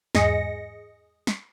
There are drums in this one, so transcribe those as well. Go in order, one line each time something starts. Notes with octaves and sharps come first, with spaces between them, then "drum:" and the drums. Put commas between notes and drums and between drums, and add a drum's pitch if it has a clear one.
E2 G#2 G#4 D#5 A#6 C#7, drum: snare
drum: snare